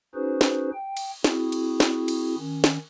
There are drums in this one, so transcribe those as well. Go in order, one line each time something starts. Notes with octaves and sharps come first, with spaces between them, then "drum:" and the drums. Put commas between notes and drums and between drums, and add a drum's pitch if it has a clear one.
C#4 D#4 F#4 G#4 B4 C5
drum: snare
G5
drum: cymbal
C4 E4 F#4 G#4, drum: snare
drum: cymbal
drum: snare
drum: cymbal
D#3 C#4
drum: snare